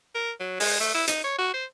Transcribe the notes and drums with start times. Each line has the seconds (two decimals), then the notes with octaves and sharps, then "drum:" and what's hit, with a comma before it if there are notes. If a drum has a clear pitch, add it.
0.15 A#4
0.40 F#3
0.60 G#3, drum: open hi-hat
0.80 A3
0.94 E4
1.07 D#4, drum: hi-hat
1.24 C#5
1.39 F#4
1.54 C5